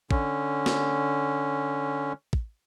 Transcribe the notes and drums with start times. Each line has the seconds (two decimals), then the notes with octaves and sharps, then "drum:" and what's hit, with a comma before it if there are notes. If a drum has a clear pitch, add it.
0.11 D3 C#4, drum: kick
0.66 drum: snare
2.33 drum: kick